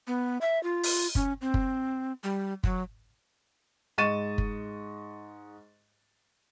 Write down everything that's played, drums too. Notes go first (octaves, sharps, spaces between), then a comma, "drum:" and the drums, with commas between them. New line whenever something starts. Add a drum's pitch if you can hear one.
B3
E5
F4
drum: open hi-hat
C#4, drum: kick
C4
drum: kick
G3
F#3, drum: kick
G#2 D#5 C#6 A6 D#7 E7
drum: kick